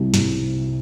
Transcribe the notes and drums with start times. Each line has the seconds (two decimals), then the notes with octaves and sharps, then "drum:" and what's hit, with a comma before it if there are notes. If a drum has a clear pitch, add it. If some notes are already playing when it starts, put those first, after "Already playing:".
Already playing: C2 C3
0.14 C3, drum: snare